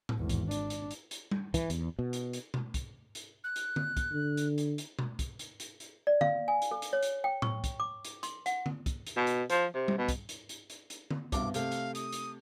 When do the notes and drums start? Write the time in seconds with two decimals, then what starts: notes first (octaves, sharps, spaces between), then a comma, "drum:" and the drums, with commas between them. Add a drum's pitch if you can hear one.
0.09 drum: tom A2
0.19 G#1 E2
0.29 drum: kick, hi-hat
0.51 D4, drum: hi-hat
0.70 drum: hi-hat
0.91 drum: hi-hat
1.11 drum: hi-hat
1.31 drum: tom G3
1.54 E3, drum: kick, hi-hat
1.70 E2, drum: hi-hat
1.99 B2
2.13 drum: hi-hat
2.33 drum: hi-hat
2.54 drum: tom B2
2.74 drum: kick, hi-hat
3.15 drum: hi-hat
3.44 F#6
3.56 drum: hi-hat
3.76 drum: tom D3
3.97 drum: kick, hi-hat
4.12 D3
4.37 drum: hi-hat
4.58 drum: hi-hat
4.78 drum: hi-hat
4.99 drum: tom B2
5.19 drum: kick, hi-hat
5.39 drum: hi-hat
5.60 drum: hi-hat
5.80 drum: hi-hat
6.07 D5
6.21 F5, drum: tom D3
6.48 G#5
6.62 drum: hi-hat
6.71 A4
6.82 drum: hi-hat
6.93 C#5
7.03 drum: hi-hat
7.24 G5
7.42 C#6, drum: tom A2
7.64 drum: kick, hi-hat
7.80 D6
8.05 drum: hi-hat
8.23 C6, drum: hi-hat
8.46 F#5, drum: hi-hat
8.66 drum: tom D3
8.86 drum: kick, hi-hat
9.07 drum: hi-hat
9.16 B2
9.27 drum: hi-hat
9.50 F3, drum: hi-hat
9.74 C3
9.88 drum: tom G3
9.98 B2
10.09 drum: kick, hi-hat
10.29 drum: hi-hat
10.49 drum: hi-hat
10.70 drum: hi-hat
10.90 drum: hi-hat
11.10 drum: tom D3
11.32 C2 G2 B2 D6, drum: kick, hi-hat
11.54 C3 A3 F5, drum: hi-hat
11.72 drum: hi-hat
11.95 D#6, drum: hi-hat
12.12 drum: hi-hat